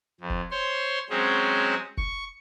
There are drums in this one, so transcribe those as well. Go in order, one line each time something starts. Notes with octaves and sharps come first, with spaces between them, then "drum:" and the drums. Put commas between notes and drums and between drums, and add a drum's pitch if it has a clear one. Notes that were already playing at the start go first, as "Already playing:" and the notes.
F2
drum: kick F1
C5 C#5 C6
F#3 G#3 C4 C#4 G#4 C5
C#6, drum: kick F1